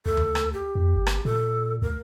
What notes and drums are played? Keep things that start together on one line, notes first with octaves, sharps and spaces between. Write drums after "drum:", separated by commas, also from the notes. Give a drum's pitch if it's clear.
D2 A4
drum: tom D#2
drum: rim click
G4
F2
G1
drum: rim click
A#2 A4
D2 A#4